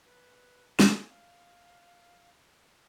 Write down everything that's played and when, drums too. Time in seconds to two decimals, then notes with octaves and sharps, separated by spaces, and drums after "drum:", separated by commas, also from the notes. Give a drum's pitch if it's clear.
0.06 B4
0.80 G#5, drum: snare
1.10 F5